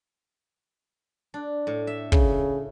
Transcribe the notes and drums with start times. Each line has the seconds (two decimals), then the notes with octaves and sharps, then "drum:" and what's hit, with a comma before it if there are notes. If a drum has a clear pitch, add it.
1.34 D4
1.67 A2
1.87 E5
2.12 C#3, drum: kick